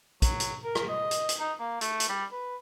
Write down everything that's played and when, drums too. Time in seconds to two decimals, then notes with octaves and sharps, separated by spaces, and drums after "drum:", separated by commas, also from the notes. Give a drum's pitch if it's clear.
0.22 F#3, drum: kick, hi-hat
0.40 drum: hi-hat
0.64 A#4
0.75 drum: rim click
0.89 D#5
1.11 drum: hi-hat
1.29 drum: hi-hat
1.40 D#4
1.60 A#3
1.81 A3, drum: hi-hat
2.00 drum: hi-hat
2.09 G3
2.32 B4